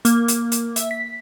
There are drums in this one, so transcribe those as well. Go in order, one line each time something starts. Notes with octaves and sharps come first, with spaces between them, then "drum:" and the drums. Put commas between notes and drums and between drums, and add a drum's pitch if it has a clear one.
A#3, drum: hi-hat
drum: hi-hat
drum: hi-hat
E5, drum: hi-hat
B6